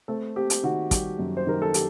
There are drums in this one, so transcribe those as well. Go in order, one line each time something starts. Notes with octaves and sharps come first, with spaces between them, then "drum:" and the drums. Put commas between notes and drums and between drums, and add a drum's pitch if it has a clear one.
A3 C4 A4
C4 G4
drum: hi-hat
D#3 F#4
G3 G4, drum: kick, hi-hat
F#2
C5
D#3 A#4
A4
G4, drum: hi-hat